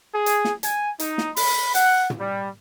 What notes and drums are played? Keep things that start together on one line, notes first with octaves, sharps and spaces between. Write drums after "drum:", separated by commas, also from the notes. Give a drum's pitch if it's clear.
G#4
drum: hi-hat
drum: snare
G#5, drum: hi-hat
D#4, drum: hi-hat
drum: snare
B5, drum: open hi-hat
F#5, drum: hi-hat
drum: tom
G3